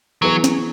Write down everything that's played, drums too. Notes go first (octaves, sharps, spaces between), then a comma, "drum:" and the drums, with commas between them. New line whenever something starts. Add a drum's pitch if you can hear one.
E3 F#3 B3 G#4 B4
drum: snare